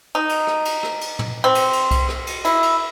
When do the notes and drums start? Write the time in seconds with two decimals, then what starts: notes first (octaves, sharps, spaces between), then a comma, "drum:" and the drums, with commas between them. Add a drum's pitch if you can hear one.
0.15 D#4
0.29 drum: cymbal
0.47 drum: rim click
0.65 drum: cymbal
0.83 drum: rim click
1.01 drum: cymbal
1.19 drum: tom
1.44 C4
1.55 drum: cymbal
1.73 drum: cymbal
1.91 drum: kick C2, cymbal
2.09 drum: rim click
2.27 drum: cymbal
2.45 E4, drum: cymbal
2.63 drum: cymbal